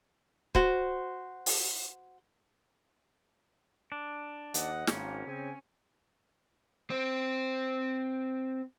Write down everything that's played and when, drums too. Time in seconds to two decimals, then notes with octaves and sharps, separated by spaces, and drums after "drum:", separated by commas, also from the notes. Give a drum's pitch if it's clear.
0.55 F#4 C5, drum: kick C#1
1.46 drum: open hi-hat
3.92 D4
4.54 D#2 D#5 F#5, drum: hi-hat
4.87 G#1 A#3 C#4, drum: snare
5.27 C#3 C4 G#5
6.90 C4 C5